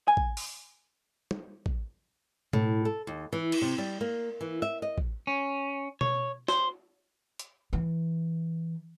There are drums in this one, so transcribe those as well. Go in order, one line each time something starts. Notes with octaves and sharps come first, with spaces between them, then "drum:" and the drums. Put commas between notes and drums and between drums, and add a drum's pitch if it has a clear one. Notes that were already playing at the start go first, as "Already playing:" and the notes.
G#5
drum: kick
drum: open hi-hat
drum: tom
drum: kick
A2, drum: tom B2
A4
D#2
E3
drum: cymbal
C3
G3
A#3
E3
E5
D#5
drum: kick
C#4
C#5, drum: tom B2
C5, drum: snare
drum: hi-hat
E3